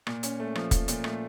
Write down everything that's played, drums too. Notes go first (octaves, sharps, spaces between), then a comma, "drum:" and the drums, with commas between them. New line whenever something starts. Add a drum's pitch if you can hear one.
A#2, drum: rim click
C#4, drum: hi-hat
A3
F3, drum: rim click
F3, drum: kick, hi-hat
A#2, drum: hi-hat
A3, drum: rim click